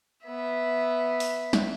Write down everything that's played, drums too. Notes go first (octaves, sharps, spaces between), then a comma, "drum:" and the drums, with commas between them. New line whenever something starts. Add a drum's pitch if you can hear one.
B3 E5
drum: open hi-hat
drum: snare